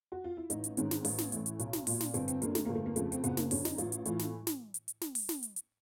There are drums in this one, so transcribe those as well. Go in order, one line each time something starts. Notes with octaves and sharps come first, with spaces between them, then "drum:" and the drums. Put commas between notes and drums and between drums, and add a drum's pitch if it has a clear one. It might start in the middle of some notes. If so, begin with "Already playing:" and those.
F#4
F4
E4
A1 D#4, drum: hi-hat
drum: hi-hat
G#2 D#3 C#4, drum: hi-hat
drum: snare
A1, drum: open hi-hat
drum: snare
A2 E3, drum: hi-hat
drum: hi-hat
B1, drum: hi-hat
drum: snare
A#2, drum: open hi-hat
drum: snare
G1 C4, drum: hi-hat
C4, drum: hi-hat
F#2 D3 A#3, drum: hi-hat
A3, drum: snare
G1 A#3
A3
A#3
F2 C#3 A3, drum: hi-hat
C4, drum: hi-hat
F#1 B3, drum: hi-hat
A#3, drum: snare
F#2 D3 C#4, drum: open hi-hat
D#4, drum: snare
A1 F4, drum: hi-hat
drum: hi-hat
A2 E3 F4, drum: hi-hat
drum: snare
drum: snare
drum: hi-hat
drum: hi-hat
drum: snare
drum: open hi-hat
drum: snare
drum: hi-hat
drum: hi-hat